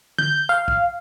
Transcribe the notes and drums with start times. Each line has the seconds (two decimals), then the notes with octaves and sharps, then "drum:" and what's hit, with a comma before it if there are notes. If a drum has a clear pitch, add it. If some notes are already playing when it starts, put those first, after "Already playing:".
0.18 G6, drum: tom D3
0.49 F5
0.68 drum: kick